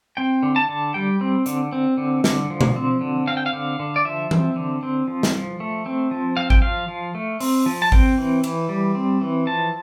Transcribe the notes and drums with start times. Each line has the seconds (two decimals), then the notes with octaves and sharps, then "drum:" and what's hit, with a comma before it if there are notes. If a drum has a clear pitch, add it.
0.17 C4 G5
0.43 D3
0.56 A5
0.69 D3
0.94 G3 G5
1.21 C4
1.46 D3, drum: hi-hat
1.72 C4
1.98 D3
2.24 D3, drum: snare
2.50 F3
2.61 drum: tom B2
2.76 C4
3.01 D3
3.27 C4 F5
3.37 G5
3.46 F5
3.53 D3
3.80 D3
3.96 D5
4.05 F3 E5
4.31 C4, drum: tom E3
4.56 D3
4.83 C4
5.08 F3
5.23 drum: snare
5.33 F3
5.60 A3
5.86 C4
6.11 F3
6.37 C4 F5
6.50 G5, drum: kick G#1
6.62 F3 F5
6.88 F3
7.15 A3
7.40 C4, drum: open hi-hat
7.66 F3
7.82 A5
7.92 C4 G5, drum: kick G#1
8.18 E3
8.44 E3, drum: cymbal
8.69 G3
8.95 C4
9.21 E3
9.47 F3 A5